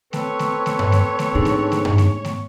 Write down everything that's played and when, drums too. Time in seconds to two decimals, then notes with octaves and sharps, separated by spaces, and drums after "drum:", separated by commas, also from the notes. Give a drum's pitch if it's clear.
0.13 C4 A4 B4 C#5, drum: snare A3
0.39 drum: snare A3
0.66 drum: snare A3
0.79 drum: tom G2
0.92 drum: snare A3
1.19 drum: snare A3
1.35 G#2 C3 D4 D#4 G#4
1.45 drum: snare A3
1.72 drum: snare A3
1.85 drum: tom G2
1.98 drum: snare A3
2.25 drum: snare A3